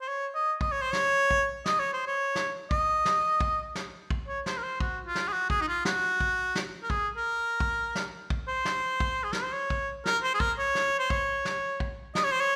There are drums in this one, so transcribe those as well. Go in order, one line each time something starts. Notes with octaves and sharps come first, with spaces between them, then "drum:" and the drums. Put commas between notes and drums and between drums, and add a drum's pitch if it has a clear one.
C5
C#5
D#5
D#5, drum: kick
C#5
C5
C#5, drum: snare
drum: kick
D#5, drum: snare
C#5
C5
C#5
drum: snare
D#5, drum: kick
drum: snare
drum: kick
drum: snare
drum: kick
C#5
C5, drum: snare
A#4
C5
F#4, drum: kick
F4
drum: snare
G#4
F#4
G#4, drum: kick
D#4
F4
F#4, drum: snare
drum: kick
drum: snare
A#4
G#4, drum: kick
A#4
drum: kick
drum: snare
drum: kick
C5
drum: snare
drum: kick
G#4
A#4, drum: snare
C5
C#5
drum: kick
A#4, drum: snare
C5
G#4
A#4, drum: kick
C#5
drum: snare
C5
C#5, drum: kick
drum: snare
drum: kick
D#5, drum: snare
C#5
C5
C#5